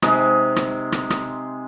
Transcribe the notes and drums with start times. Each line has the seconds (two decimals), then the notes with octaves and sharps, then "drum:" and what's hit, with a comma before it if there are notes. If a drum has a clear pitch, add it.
0.02 C3 G#3 D#4, drum: rim click
0.56 drum: rim click
0.92 drum: rim click
1.10 drum: rim click